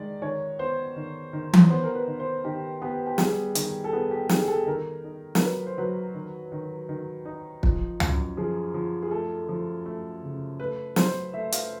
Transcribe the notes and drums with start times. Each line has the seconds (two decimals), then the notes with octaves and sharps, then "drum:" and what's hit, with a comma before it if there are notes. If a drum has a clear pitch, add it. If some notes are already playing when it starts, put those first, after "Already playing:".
Already playing: D#3 G#3 D5
0.22 D#3 C#5
0.59 B3 C5
0.96 D#3
1.33 D#3
1.53 drum: tom E3
1.70 B3 C5
1.84 A#4
1.95 B4
2.07 D#3
2.20 C5
2.44 D#3 G4
2.82 B3 G4
3.07 G4
3.18 G3 G#4, drum: snare
3.55 D#3 G4, drum: hi-hat
3.84 A4
3.93 B3 G#4
4.11 G4
4.29 D#3 G#4, drum: snare
4.41 G#4
4.48 A4
4.67 D#3 A#4
5.04 D#4
5.35 A#4, drum: snare
5.41 F#3 B4
5.66 C5
5.78 F#3 B4
6.14 D#3
6.52 D#3
6.89 D#3
7.25 D#4
7.63 F3, drum: kick
8.00 F#2, drum: tom
8.37 F3 G#4
8.74 F3
9.02 G#4
9.11 A3 A4
9.49 F3
9.86 A3
10.23 C#3
10.60 A3 B4
10.96 F#3 C5, drum: snare
11.33 A3 E5
11.52 F5, drum: hi-hat